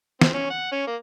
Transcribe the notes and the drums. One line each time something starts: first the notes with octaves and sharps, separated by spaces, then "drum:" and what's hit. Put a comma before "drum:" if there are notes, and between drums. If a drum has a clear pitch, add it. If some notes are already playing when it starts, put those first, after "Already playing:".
C4, drum: snare
C#4
F#5
C#4
A#3